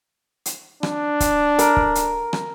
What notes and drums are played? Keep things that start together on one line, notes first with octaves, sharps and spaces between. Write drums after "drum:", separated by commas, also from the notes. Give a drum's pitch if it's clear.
drum: hi-hat
D4, drum: rim click
drum: kick, hi-hat
A#4, drum: hi-hat
drum: kick
drum: hi-hat
drum: rim click